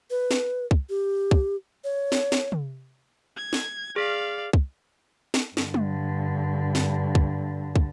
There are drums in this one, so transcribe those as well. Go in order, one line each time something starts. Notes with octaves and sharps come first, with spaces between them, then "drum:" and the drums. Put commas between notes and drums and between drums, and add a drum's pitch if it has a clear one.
B4
drum: snare
drum: kick
G4
drum: kick
C#5
drum: snare
drum: snare
drum: tom
G#6
drum: snare
G#4 D5 F5 F6 B6
drum: kick
drum: snare
G2 D3, drum: snare
drum: tom
drum: snare
drum: kick
drum: kick